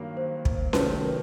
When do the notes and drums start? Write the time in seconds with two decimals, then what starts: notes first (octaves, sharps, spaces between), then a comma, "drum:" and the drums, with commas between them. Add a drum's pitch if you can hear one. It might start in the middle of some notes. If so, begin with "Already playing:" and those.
Already playing: G2 D#3 F#3 A#3
0.17 C5
0.45 drum: kick
0.73 C3 D#3 F#3 A3 B4, drum: snare C#4
1.02 A#4